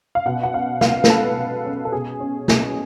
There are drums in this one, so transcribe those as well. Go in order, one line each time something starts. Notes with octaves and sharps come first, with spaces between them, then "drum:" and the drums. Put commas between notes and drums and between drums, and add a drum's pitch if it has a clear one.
F5
B2 F#5
F#5
C#4 F5
B2 F5, drum: snare
B4, drum: snare
G#3 A4
B2
C#4
A4
B2 G#4
C#4
B2 G#4, drum: snare